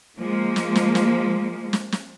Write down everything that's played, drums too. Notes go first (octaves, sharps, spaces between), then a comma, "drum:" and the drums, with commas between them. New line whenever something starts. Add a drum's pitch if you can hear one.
F3 G#3 A#3
drum: snare
drum: snare
drum: snare
drum: snare
drum: snare